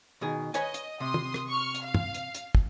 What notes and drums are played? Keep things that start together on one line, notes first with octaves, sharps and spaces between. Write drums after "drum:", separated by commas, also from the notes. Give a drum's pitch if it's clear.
B2 D#3 G#4
B4 C#5 D#5 G#5, drum: hi-hat
drum: hi-hat
C3 C6 D#6
drum: tom
drum: rim click
C#6 F6
drum: hi-hat
F5
drum: tom
drum: hi-hat
drum: hi-hat
drum: kick